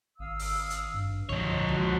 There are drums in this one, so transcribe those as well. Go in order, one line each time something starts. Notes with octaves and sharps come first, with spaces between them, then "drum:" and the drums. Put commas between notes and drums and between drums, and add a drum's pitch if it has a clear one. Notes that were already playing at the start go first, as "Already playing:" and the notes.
G#1 F5 D#6 E6
drum: open hi-hat
drum: hi-hat
G2
A#2 F3 C#5 D#5, drum: kick
G#3 F#4, drum: kick